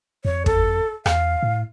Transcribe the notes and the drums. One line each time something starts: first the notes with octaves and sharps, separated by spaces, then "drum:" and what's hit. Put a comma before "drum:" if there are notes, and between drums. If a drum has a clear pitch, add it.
F2 C#5
A4, drum: kick
E2 F5, drum: rim click
A2